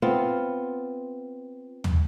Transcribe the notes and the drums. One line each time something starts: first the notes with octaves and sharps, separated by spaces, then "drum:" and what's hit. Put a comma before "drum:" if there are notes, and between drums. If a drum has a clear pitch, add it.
B3 C4 F4
drum: tom